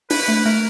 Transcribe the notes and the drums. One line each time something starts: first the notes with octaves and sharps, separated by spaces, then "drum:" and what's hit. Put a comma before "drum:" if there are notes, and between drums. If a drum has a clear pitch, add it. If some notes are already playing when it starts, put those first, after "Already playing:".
D4 B4, drum: open hi-hat
B4
A3
B4
A3 A#4